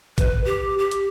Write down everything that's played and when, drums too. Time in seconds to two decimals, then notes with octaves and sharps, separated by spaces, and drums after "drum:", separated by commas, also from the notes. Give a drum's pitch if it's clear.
0.18 B4, drum: kick, hi-hat
0.44 G4
0.78 G4
0.91 drum: hi-hat